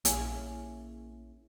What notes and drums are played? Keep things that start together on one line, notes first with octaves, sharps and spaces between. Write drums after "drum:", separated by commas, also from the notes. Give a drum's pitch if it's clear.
A#1 A#3 C#4 E4 G#4, drum: hi-hat